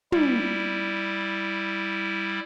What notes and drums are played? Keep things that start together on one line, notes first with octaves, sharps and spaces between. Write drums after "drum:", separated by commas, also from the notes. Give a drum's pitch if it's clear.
G3 E4, drum: tom